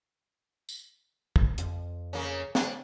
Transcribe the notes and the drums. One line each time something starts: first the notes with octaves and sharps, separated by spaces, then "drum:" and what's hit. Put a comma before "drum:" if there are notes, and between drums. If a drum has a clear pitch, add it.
drum: tambourine
drum: kick
F2, drum: hi-hat
C#3 A#3 C#4
D4, drum: snare